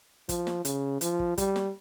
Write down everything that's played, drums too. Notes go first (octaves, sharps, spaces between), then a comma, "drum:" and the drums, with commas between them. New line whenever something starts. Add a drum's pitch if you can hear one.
F3, drum: kick, hi-hat
drum: snare
C#3, drum: hi-hat
F3, drum: hi-hat
drum: kick
G3, drum: kick, hi-hat
drum: snare